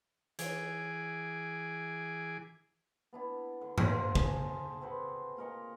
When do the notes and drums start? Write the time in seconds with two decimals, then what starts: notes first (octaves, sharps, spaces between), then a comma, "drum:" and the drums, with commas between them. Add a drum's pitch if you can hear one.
0.39 E3 G#4 G#5 D6, drum: hi-hat
3.13 B3 D4 E4
3.61 D3
3.78 C5 F5, drum: tom G2
4.15 G#4 A5, drum: kick
4.81 C4 F#4 B4
5.37 A#2 A#4 D#5 C#6